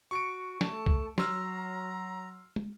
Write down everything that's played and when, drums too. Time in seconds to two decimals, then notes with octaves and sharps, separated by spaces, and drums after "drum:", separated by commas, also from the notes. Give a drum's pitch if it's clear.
0.11 F#4 C#6 C#7 D7
0.61 A3 A4 A5, drum: snare
0.86 drum: kick C2
1.18 F#3 A#5 C6 E6 F6, drum: snare
2.56 drum: tom